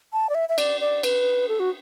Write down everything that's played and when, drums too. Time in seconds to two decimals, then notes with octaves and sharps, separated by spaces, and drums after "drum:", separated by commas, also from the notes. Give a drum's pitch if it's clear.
0.13 A5
0.29 D5
0.35 E5
0.49 E5
0.58 D5, drum: cymbal
0.81 D5
1.03 B4, drum: cymbal
1.49 A4
1.60 F#4